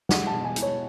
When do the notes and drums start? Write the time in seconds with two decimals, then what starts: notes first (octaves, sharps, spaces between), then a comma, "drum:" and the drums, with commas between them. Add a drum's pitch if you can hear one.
0.09 G#3 F#5, drum: snare
0.27 A5
0.32 B2
0.44 G#5
0.56 E4, drum: hi-hat
0.62 C#5